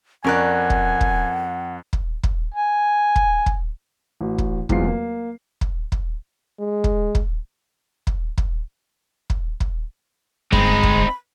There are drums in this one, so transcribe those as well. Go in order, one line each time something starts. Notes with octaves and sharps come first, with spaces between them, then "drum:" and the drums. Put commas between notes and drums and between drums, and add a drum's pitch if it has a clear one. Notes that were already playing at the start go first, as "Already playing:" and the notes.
F2 C#4 A#4 D5 F#5 G#5 F#6
drum: kick
drum: kick
drum: kick
drum: kick
G#5
drum: kick
drum: kick
A1 F#4
drum: kick
D1 E2 G#3 C4 F4 C7, drum: kick
A#3
drum: kick
drum: kick
G#3
drum: kick
drum: kick
drum: kick
drum: kick
drum: kick
drum: kick
G1 G#3 C4 D#4 B5, drum: kick
drum: kick